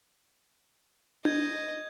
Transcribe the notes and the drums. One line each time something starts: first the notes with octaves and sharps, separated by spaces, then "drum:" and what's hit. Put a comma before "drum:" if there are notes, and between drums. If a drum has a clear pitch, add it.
D#5 G6 G#6, drum: tom D4